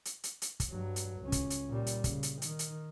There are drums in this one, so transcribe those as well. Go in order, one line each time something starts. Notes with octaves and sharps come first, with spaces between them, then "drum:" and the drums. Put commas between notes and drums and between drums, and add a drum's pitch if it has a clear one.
drum: hi-hat
drum: hi-hat
drum: hi-hat
drum: kick, hi-hat
G2 F#3
drum: hi-hat
C#2 C#4
drum: kick, hi-hat
drum: hi-hat
A#2 G3
drum: hi-hat
C#3, drum: kick, hi-hat
drum: hi-hat
D#3, drum: hi-hat
drum: hi-hat